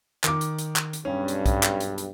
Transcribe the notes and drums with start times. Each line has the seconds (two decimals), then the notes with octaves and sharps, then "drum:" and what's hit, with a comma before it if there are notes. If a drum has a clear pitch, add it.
0.24 D#3 D6, drum: clap
0.41 drum: hi-hat
0.59 drum: hi-hat
0.76 drum: clap
0.93 drum: hi-hat
1.05 B1 G2 C#4
1.28 drum: hi-hat
1.46 drum: kick, hi-hat
1.63 drum: clap
1.80 drum: hi-hat
1.98 drum: hi-hat